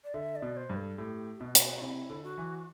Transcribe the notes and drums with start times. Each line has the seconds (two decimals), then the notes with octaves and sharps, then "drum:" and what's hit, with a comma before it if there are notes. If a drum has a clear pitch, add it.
0.04 D5
0.14 D3 E5
0.36 D5
0.42 B2
0.57 C5
0.70 G2
0.76 A4
0.98 A2 G4
1.36 G4
1.40 B2 F#4
1.55 drum: hi-hat
1.71 F#4
1.81 C3 E4
2.09 D3
2.23 F#4
2.37 E3